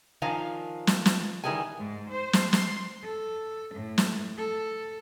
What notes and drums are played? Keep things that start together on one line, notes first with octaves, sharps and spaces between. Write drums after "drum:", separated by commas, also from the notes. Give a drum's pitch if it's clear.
D#3 F3 D4 F5 G#5 A#5
drum: snare
drum: snare
D#3 E3 G3 G#4 G#5
G#2
C5
drum: snare
C6, drum: snare
A4
A2
drum: snare
A4